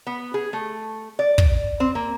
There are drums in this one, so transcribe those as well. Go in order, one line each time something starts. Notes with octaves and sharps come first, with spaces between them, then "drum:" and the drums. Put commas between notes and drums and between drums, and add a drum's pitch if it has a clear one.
B3
G#4
A3
D5
drum: kick
C4
A#3